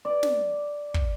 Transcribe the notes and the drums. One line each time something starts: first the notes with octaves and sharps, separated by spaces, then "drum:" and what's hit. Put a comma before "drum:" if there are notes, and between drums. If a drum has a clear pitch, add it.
D5
drum: snare
drum: kick